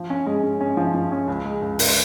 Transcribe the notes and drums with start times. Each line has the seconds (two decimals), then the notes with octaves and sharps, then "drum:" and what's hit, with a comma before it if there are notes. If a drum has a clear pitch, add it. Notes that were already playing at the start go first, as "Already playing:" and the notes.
Already playing: F3
0.10 C#4
0.26 G#3
0.43 C#4
0.61 C#4
0.77 F3
0.94 F3
1.11 C#4
1.28 C#2
1.45 G#3
1.62 C#2
1.79 C#2, drum: open hi-hat